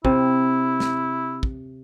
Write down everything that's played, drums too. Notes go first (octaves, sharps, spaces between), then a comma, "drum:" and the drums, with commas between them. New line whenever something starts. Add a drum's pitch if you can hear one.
C3 E4, drum: kick
drum: snare
drum: kick